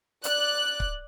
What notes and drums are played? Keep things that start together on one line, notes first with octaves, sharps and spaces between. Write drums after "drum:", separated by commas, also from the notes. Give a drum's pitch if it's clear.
D5 F#6, drum: hi-hat
drum: kick C#1